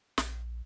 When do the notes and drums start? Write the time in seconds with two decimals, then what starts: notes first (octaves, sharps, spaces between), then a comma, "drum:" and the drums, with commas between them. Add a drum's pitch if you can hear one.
0.18 A#1, drum: snare